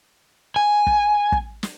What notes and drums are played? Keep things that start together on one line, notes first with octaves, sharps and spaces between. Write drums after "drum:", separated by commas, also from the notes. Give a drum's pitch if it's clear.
G#5
drum: kick
drum: kick
drum: snare